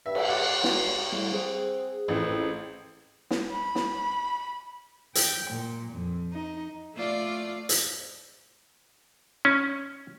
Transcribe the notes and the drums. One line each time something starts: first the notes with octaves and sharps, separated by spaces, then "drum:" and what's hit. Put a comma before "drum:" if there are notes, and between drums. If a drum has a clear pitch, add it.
G2 E5
drum: cymbal
F#5 D6
G2 F#4, drum: snare
A2 G3
C4 G#4
A1 F2
drum: snare
B5
drum: snare
G5, drum: hi-hat
A#2
F2
D#4
A3 F4 D5
drum: hi-hat
C#4